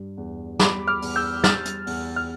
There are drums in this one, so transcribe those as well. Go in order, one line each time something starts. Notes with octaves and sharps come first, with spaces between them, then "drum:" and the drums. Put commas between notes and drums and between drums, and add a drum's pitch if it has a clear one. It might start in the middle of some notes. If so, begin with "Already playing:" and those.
Already playing: G2 G3
E2
G3 B5 D6, drum: snare
D6 F6
E2, drum: open hi-hat
E6 G6
G3 F6 A6, drum: snare
drum: hi-hat
E2, drum: open hi-hat
F6